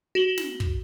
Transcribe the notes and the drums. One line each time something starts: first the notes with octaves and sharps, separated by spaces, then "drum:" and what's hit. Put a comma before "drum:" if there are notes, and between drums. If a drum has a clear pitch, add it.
F#4 E7 F#7 G7
drum: snare
drum: kick